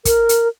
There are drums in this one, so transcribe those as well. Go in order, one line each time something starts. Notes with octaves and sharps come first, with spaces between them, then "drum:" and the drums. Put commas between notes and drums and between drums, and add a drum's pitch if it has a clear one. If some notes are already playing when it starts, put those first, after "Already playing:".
A#4, drum: kick, hi-hat
drum: hi-hat